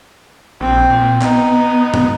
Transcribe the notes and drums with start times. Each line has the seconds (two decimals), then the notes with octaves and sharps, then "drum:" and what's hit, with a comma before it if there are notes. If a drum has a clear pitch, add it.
0.61 A#1 C4
0.90 A#2
1.22 B3 D#4, drum: clap
1.94 drum: tom G2